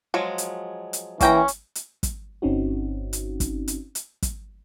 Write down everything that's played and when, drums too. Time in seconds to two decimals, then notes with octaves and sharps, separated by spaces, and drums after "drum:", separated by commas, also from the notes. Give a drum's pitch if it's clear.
0.14 F3 F#3 G#3
0.38 drum: hi-hat
0.93 drum: hi-hat
1.21 E3 A#3 C#4 G5 A#5, drum: kick, hi-hat
1.48 drum: hi-hat
1.75 drum: hi-hat
2.03 drum: kick, hi-hat
2.42 G1 C4 C#4 D#4 F#4
3.13 drum: hi-hat
3.40 drum: kick, hi-hat
3.68 drum: hi-hat
3.95 drum: hi-hat
4.22 drum: kick, hi-hat